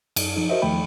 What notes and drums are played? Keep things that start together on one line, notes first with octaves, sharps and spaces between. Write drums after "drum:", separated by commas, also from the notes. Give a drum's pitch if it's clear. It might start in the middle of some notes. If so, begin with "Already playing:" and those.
F#2, drum: cymbal
F3 D#4
F#4 A#4 C5 D#5 E5
E2 D#3 F3 A3 G5 B5